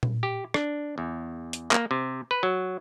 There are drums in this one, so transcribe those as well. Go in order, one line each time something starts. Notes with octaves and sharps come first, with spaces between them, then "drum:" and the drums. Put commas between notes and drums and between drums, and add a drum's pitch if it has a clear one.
drum: tom A#2
G4
D4, drum: rim click
E2
drum: hi-hat
A#3, drum: clap
C3
B4
F#3